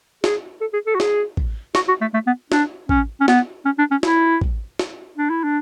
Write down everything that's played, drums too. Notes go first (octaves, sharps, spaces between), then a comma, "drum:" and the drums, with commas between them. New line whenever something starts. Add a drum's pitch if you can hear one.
G#4, drum: snare
A4
G#4
A4
F#4
G#4, drum: snare
drum: kick
F#4, drum: snare
F#4
A3
A3
B3
D4, drum: snare
C#4, drum: kick
C#4
B3, drum: snare
C#4
D4
C#4
E4, drum: snare
drum: kick
drum: snare
D4
E4
D4